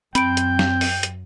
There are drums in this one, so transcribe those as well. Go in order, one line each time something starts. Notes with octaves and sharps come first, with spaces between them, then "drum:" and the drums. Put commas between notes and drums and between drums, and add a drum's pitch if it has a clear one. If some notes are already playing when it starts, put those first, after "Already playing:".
F#2 C4 G5 B5 D7, drum: hi-hat
drum: hi-hat
drum: snare
drum: open hi-hat
drum: hi-hat